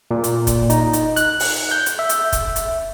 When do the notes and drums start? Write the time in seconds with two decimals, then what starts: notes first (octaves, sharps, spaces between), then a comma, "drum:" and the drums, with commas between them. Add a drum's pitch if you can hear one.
0.11 A#2
0.24 drum: hi-hat
0.47 drum: kick E1, hi-hat
0.70 D#4, drum: hi-hat
0.93 drum: hi-hat
1.16 F#6, drum: hi-hat
1.40 drum: open hi-hat
1.71 G6
1.86 drum: hi-hat
1.99 E5
2.09 drum: hi-hat
2.33 drum: kick E1, hi-hat
2.56 drum: hi-hat